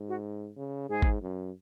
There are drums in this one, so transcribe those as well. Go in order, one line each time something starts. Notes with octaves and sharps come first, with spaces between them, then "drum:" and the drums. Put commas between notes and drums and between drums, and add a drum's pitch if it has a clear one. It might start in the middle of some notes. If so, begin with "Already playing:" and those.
Already playing: G#2
F#4
C#3
G#2 G#4
drum: kick G#1
F#2